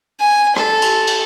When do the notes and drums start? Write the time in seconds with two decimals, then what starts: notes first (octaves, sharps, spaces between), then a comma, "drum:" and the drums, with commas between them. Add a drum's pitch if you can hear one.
0.20 G#5
0.56 A4, drum: rim click
0.82 drum: cymbal
1.07 drum: cymbal